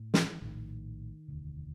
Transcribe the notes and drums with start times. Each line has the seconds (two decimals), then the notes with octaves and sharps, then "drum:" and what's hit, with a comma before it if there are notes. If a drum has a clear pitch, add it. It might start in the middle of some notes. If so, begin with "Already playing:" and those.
Already playing: A2
0.14 E3, drum: snare
0.42 A#1 A2 D#3
1.28 E1 D2 D3